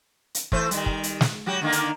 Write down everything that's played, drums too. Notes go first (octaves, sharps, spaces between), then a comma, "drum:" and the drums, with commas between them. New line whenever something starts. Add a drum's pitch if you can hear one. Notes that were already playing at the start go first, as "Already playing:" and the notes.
drum: hi-hat
E3 A3 C5, drum: kick
D#3 G3, drum: hi-hat
drum: kick
drum: hi-hat
drum: snare
F#3 F#4 G4
D3 D#3 A#3
drum: hi-hat